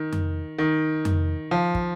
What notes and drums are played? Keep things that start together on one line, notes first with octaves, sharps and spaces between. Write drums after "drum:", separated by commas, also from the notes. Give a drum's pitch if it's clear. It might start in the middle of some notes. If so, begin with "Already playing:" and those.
Already playing: D#3
drum: tom F2
D#3
drum: tom F2
F3
drum: kick